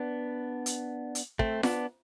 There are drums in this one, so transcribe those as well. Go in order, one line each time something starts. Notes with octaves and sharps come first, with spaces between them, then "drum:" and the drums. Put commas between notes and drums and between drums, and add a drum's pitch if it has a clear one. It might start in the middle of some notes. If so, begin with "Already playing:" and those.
Already playing: B3 D4
drum: hi-hat
drum: hi-hat
A3 C4, drum: kick
B3 D4, drum: snare F4